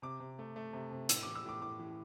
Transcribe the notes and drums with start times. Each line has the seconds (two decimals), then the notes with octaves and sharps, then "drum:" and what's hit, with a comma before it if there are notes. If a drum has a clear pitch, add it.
0.02 C3 D6
0.20 C3
0.39 A3
0.56 A3
0.73 C3
0.92 C3
1.09 A2 E6, drum: hi-hat
1.23 E3 D6
1.35 E6
1.45 A2 D6
1.62 A2 D6
1.79 E3